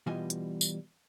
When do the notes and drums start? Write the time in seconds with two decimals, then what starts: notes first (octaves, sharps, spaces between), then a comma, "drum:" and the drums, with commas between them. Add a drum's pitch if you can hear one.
0.07 B2 E3 G3 F4 D#5 G#5
0.30 drum: hi-hat
0.61 drum: tambourine